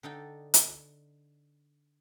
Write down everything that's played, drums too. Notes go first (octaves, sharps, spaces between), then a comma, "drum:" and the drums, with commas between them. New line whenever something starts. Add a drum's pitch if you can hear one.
D3 D#4 A4 G5
drum: hi-hat